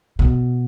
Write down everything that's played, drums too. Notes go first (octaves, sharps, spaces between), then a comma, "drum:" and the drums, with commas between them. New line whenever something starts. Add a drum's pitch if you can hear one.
B2, drum: kick A#1